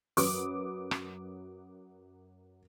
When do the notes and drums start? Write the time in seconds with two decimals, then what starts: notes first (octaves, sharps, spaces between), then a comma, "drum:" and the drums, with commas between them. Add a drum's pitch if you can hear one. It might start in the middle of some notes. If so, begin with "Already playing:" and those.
0.17 F#2 F#3 B4 D6 D#6, drum: open hi-hat
0.91 drum: rim click